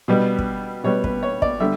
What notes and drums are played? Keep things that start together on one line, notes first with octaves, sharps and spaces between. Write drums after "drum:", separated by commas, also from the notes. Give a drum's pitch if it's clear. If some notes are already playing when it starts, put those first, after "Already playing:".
B2 G3 B3
drum: kick
B2 G3 B3 C#5
B4, drum: kick
C#5
D5, drum: kick
D3 G3 E5